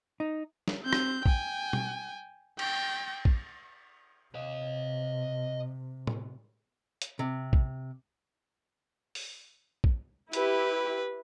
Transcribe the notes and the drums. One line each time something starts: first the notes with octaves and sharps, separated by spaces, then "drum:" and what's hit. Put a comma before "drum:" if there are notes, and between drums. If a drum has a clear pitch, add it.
D#4
drum: snare
C4 G6
drum: rim click
G5 G#5, drum: kick A#1
drum: tom B2
G5, drum: cymbal
drum: kick A#1
C3 D#5 F5
drum: tom
drum: hi-hat
C3
drum: kick A#1
drum: open hi-hat
drum: kick A#1
E4 G4 B4, drum: hi-hat